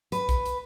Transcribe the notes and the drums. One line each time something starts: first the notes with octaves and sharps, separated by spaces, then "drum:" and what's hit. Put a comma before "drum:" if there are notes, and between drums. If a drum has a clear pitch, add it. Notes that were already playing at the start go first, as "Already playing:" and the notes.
B4, drum: hi-hat
drum: kick, hi-hat
drum: hi-hat